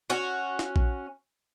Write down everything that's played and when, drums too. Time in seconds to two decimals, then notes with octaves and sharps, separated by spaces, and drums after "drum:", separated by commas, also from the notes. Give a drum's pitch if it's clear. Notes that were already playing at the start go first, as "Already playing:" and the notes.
0.10 C#4 F#4
0.59 drum: snare
0.76 drum: kick A#1